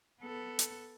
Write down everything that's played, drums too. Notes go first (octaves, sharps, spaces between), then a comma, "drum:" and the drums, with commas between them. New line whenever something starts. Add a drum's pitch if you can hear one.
B3 A4
drum: hi-hat